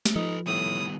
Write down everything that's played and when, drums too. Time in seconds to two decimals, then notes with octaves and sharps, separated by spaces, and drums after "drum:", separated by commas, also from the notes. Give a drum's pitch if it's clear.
0.06 drum: snare
0.16 F3 D#4 A4 B4
0.47 A2 D#3 G3 B3 D#6